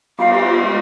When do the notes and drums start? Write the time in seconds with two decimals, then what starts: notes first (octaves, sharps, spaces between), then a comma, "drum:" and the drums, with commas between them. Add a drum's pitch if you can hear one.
0.18 F5, drum: cymbal
0.33 G4
0.47 F4
0.65 G#3